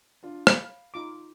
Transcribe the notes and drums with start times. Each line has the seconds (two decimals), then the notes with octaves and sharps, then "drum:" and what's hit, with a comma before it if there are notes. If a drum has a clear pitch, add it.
0.23 D4 F4
0.47 F5 B5, drum: rim click
0.94 D#4 F4 D6